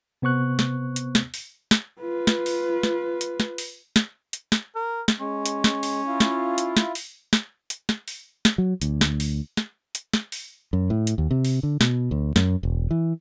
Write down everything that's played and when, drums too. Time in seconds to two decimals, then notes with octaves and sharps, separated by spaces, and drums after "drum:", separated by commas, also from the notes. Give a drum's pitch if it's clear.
0.22 C3 B3 C5 C#6 F#6
0.59 drum: snare
0.96 drum: hi-hat
1.15 drum: snare
1.34 drum: open hi-hat
1.71 drum: snare
2.01 F4 B4
2.27 drum: snare
2.46 drum: open hi-hat
2.83 drum: snare
3.21 drum: hi-hat
3.40 drum: snare
3.58 drum: open hi-hat
3.96 drum: snare
4.33 drum: hi-hat
4.52 drum: snare
4.75 A#4
5.08 drum: snare
5.20 G#3 C#4
5.46 drum: hi-hat
5.64 drum: snare
5.83 drum: open hi-hat
6.07 E4 F4
6.20 drum: snare
6.58 drum: hi-hat
6.77 drum: snare
6.95 drum: open hi-hat
7.33 drum: snare
7.70 drum: hi-hat
7.89 drum: snare
8.08 drum: open hi-hat
8.45 drum: snare
8.58 F#3
8.82 D2, drum: hi-hat
9.01 drum: snare
9.20 drum: open hi-hat
9.57 drum: snare
9.95 drum: hi-hat
10.14 drum: snare
10.32 drum: open hi-hat
10.73 F#2
10.90 A2
11.07 drum: hi-hat
11.18 D#2
11.31 C3
11.45 drum: open hi-hat
11.63 D3
11.81 B2, drum: snare
12.11 D2
12.36 F#2, drum: snare
12.63 E1
12.91 E3